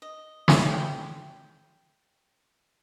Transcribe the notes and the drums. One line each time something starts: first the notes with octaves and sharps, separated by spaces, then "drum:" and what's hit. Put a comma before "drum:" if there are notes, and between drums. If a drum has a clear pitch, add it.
D#5
drum: snare
G5